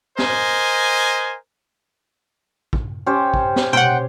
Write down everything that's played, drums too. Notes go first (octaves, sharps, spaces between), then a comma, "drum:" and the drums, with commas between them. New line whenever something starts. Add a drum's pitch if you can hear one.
A#4 C5 D#5 G#5, drum: snare
drum: kick
C#4 G4 C5
drum: kick
drum: snare
C5 C#5 F#5 G5, drum: tom B2